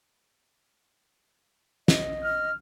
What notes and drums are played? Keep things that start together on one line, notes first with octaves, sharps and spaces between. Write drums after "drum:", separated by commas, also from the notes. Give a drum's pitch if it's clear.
D#5, drum: snare
F6